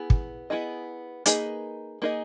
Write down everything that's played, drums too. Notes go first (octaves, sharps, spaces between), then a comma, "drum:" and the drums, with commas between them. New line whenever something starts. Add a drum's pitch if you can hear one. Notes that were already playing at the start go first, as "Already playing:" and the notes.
Already playing: B3 E4 G#4
drum: kick
B3 E4 G#4 D#5
A#3 D#4 G#4 B4 D#5, drum: hi-hat
A#3 D#4 G#4 B4 D#5